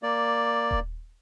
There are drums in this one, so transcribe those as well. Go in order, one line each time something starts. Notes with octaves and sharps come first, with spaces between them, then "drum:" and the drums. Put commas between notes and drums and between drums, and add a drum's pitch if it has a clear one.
A#3 D5
drum: kick D#1